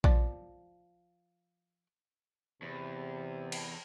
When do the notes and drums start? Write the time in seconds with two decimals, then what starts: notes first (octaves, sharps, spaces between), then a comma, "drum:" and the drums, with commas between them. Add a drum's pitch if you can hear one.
0.04 F3 D5, drum: kick A#1
2.62 E2 C3
3.52 drum: cymbal